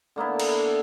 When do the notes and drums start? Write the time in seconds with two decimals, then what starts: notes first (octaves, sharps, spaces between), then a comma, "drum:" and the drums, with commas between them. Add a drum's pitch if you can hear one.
0.16 D3 A#3 B3 E4
0.40 drum: cymbal